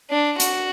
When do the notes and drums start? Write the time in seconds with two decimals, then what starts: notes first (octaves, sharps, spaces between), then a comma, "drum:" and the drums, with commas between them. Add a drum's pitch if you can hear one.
0.11 D4
0.40 F#4, drum: hi-hat